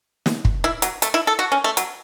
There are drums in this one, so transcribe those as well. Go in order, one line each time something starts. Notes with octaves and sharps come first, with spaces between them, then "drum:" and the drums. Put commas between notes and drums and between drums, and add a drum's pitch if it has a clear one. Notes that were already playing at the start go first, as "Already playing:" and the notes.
drum: snare
drum: kick
E4
F#3, drum: hi-hat
A3, drum: hi-hat
E4
A4
F#4
C#4
A3
F#3, drum: hi-hat